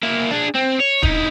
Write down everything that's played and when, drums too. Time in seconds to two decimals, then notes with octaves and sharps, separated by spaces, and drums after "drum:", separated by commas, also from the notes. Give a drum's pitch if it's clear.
0.03 A#3 E4
0.31 D4 G#4
0.55 C4
0.80 C#5
1.03 D#4 E4, drum: kick D#1